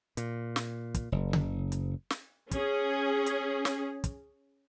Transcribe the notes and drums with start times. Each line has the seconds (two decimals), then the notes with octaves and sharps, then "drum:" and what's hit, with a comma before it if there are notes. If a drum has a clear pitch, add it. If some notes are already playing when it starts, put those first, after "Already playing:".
0.17 A#2, drum: hi-hat
0.56 drum: snare
0.95 drum: kick, hi-hat
1.12 F#1
1.33 drum: tom C#3
1.72 drum: hi-hat
2.10 drum: snare
2.51 C#4 G#4, drum: kick, hi-hat
3.26 drum: hi-hat
3.65 drum: snare
4.04 drum: kick, hi-hat